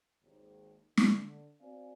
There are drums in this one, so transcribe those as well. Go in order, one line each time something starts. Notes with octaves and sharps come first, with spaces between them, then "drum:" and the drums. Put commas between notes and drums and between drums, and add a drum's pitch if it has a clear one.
G#1 D#2 G#2
D3, drum: snare
C4 F#4 C5 D5 F5 G#5